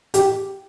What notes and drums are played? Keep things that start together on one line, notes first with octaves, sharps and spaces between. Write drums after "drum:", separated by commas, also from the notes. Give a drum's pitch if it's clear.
G4, drum: hi-hat